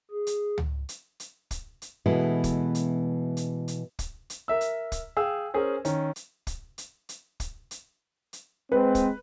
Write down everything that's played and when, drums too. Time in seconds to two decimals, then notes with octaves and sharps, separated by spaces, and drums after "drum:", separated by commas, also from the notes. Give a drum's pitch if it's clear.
0.11 G#4
0.27 drum: hi-hat
0.58 drum: tom
0.89 drum: hi-hat
1.20 drum: hi-hat
1.51 drum: kick, hi-hat
1.82 drum: hi-hat
2.06 B2 E3 G#3 A3
2.44 drum: kick, hi-hat
2.75 drum: hi-hat
3.37 drum: hi-hat
3.68 drum: hi-hat
3.99 drum: kick, hi-hat
4.30 drum: hi-hat
4.48 A#4 E5 E6
4.61 drum: hi-hat
4.92 drum: kick, hi-hat
5.17 G#4 F5 G5 E6
5.54 C#4 G#4 A#4 C5
5.85 D#3 C#4, drum: hi-hat
6.16 drum: hi-hat
6.47 drum: kick, hi-hat
6.78 drum: hi-hat
7.09 drum: hi-hat
7.40 drum: kick, hi-hat
7.71 drum: hi-hat
8.33 drum: hi-hat
8.72 G#3 C4 B4
8.95 drum: kick, hi-hat